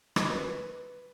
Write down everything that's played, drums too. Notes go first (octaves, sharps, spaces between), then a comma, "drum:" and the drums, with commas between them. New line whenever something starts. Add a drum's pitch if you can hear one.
F#3 C#4 D#5, drum: rim click
B4
B4